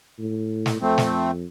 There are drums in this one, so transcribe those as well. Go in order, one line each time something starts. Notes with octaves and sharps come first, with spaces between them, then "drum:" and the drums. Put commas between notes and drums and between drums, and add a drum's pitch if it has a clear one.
A2
drum: snare
F2 A3 C4
drum: snare